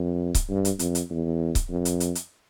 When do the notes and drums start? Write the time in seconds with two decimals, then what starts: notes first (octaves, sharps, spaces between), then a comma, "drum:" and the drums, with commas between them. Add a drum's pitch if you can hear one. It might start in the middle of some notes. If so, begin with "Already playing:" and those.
Already playing: F2
0.35 drum: kick C#1, hi-hat
0.50 G2
0.65 drum: hi-hat
0.79 F2, drum: hi-hat
0.95 drum: hi-hat
1.10 E2
1.55 drum: kick C#1, hi-hat
1.70 F2
1.85 drum: hi-hat
2.00 drum: hi-hat
2.15 drum: hi-hat